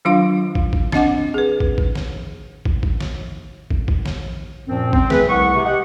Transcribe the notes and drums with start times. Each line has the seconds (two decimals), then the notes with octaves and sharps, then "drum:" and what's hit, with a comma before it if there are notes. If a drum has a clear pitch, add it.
0.05 D#3 F#3 D4 F4 F5 C6
0.55 drum: kick
0.73 drum: kick
0.92 C4 D4 D#5 F#5 D6, drum: snare D#3
1.34 G#4 B4
1.60 drum: kick
1.78 drum: kick
1.95 drum: snare D#3
2.65 drum: kick
2.83 drum: kick
3.00 drum: snare D#3
3.71 drum: kick
3.88 drum: kick
4.06 drum: snare D#3
4.67 F#2 A#2 F3 C4
4.93 C4, drum: kick
5.10 A3 G#4 B4, drum: snare D#3
5.29 C2 F#5 C#6
5.54 C3
5.65 G4 D#5 F#5